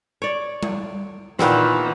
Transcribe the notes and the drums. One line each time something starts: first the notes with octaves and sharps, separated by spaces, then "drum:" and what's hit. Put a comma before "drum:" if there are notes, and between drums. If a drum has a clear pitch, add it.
C#5 D5
drum: tom G3
A#2 D#3 E3 B3 C4, drum: snare